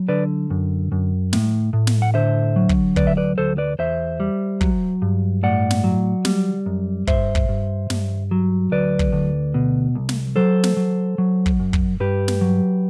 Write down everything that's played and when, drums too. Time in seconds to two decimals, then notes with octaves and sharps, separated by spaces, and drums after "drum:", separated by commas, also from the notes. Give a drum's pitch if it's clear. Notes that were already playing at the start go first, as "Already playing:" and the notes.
Already playing: F#3
0.09 D3 B4 D5
0.50 F#2
0.92 F#2
1.33 A2, drum: snare
1.73 A2
1.87 drum: snare
2.02 F#5
2.14 D3 C5 E5
2.56 F#3
2.69 drum: kick
2.96 D2 B4 D5, drum: kick
3.07 E5
3.17 B4 D5
3.38 D2 A4 C5
3.58 B4 D5
3.79 E2 C5 E5
4.20 G3
4.61 F#3, drum: kick
5.02 G2
5.43 A2 D5 F#5
5.71 drum: snare
5.84 F#3
6.25 G3, drum: snare
6.66 F#2
7.07 G2 C5 E5, drum: kick
7.35 drum: kick
7.49 G2
7.90 G2, drum: snare
8.31 F#3
8.71 D2 B4 D5
8.99 drum: kick
9.12 D2
9.54 B2
9.95 C2
10.09 drum: snare
10.36 F#3 A4 C5
10.64 drum: snare
10.77 F#3
11.18 F#3
11.46 drum: kick
11.60 F#2
11.73 drum: kick
12.00 G2 G4 B4
12.28 drum: snare
12.41 F#3